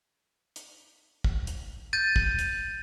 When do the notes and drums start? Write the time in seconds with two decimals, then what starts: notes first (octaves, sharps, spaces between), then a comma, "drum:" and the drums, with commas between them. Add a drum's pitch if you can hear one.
0.56 drum: hi-hat
1.24 drum: kick
1.47 drum: hi-hat
1.93 G6 A6 D#7
2.16 drum: kick
2.39 drum: hi-hat